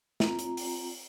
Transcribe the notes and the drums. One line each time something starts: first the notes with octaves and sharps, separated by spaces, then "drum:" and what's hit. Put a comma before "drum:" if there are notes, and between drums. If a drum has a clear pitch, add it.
C4 F4 A#5, drum: snare
drum: hi-hat
drum: open hi-hat